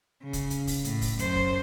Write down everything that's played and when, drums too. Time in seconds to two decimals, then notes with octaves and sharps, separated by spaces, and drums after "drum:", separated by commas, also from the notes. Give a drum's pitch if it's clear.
0.23 C#3
0.33 drum: kick, hi-hat
0.50 drum: hi-hat
0.67 drum: kick, open hi-hat
0.84 A2, drum: hi-hat
1.01 drum: kick, open hi-hat
1.19 F#2 C5, drum: hi-hat
1.36 drum: kick